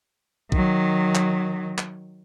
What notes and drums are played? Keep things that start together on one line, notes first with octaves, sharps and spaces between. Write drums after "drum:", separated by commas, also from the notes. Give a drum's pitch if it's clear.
D#3 F#3, drum: kick
drum: clap
drum: clap